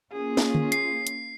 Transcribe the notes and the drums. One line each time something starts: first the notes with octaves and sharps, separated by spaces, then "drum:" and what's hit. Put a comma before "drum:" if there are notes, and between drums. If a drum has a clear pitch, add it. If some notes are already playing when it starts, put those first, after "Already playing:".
A#3 C#4 F4 G#4
drum: snare
drum: tom D3
C7, drum: hi-hat
drum: hi-hat